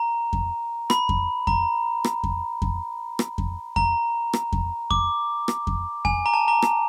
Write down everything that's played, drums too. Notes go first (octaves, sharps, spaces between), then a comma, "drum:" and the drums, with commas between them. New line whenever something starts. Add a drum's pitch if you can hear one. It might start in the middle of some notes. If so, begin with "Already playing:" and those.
Already playing: A#5
drum: kick F2
B5, drum: rim click
drum: kick F2
A#5, drum: kick F2
drum: rim click
drum: kick F2
drum: kick F2
drum: rim click
drum: kick F2
A#5, drum: kick F2
drum: rim click
drum: kick F2
D6, drum: kick F2
drum: rim click
drum: kick F2
G#5, drum: kick F2
A#5
A5
A#5
drum: rim click